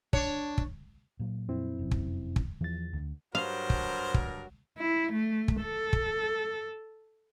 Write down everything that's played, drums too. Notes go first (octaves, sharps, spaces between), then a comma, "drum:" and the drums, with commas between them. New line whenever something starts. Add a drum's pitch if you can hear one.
D4 C#5, drum: kick
drum: kick
A#2 F#3
F2 C4 E4
F1 F#2
drum: kick
drum: kick
E2 E3 F3 A6
D2
G2 F#3 A#4 C5 F5
drum: kick
drum: kick
E4
A3
drum: kick
A4
drum: kick